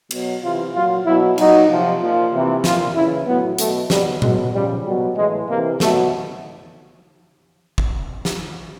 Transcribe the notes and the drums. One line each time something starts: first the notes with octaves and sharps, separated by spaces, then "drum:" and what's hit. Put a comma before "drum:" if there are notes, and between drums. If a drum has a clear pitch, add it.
B2 F#3, drum: cymbal
C3 E3 F4
A#2 F#3 F4
B2 F#3 E4
A#2 F#3 D#4, drum: cymbal
C3 F3
A#2 F3
C3 E3
A#2 F3 F4, drum: snare
C#3 E3 E4
A2 F#3 B3
B2 F#3 A3, drum: hi-hat
B2 F#3 G3, drum: snare
B2 F#3 G#3, drum: tom A#2
C#3 F3 G3
B2 F#3 G3
A2 E3 G#3
C3 E3 A#3
B2 F#3 A3, drum: snare
drum: kick
drum: snare